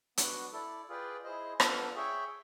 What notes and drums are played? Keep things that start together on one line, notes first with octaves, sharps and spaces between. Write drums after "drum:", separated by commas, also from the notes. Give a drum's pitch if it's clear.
B3 D4 F#4, drum: hi-hat
E4 A4 D5
F4 G#4 B4 D5 G5
E4 G#4 C5 D#5
B3 D4 F4 A4 C5, drum: rim click
G#4 C#5 E5 G5